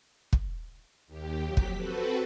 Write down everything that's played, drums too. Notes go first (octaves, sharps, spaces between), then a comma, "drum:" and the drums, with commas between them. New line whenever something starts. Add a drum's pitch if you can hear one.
drum: kick
D#2 G4
F2 F#3 G4 B6
drum: kick
C4 F#4 A4 B4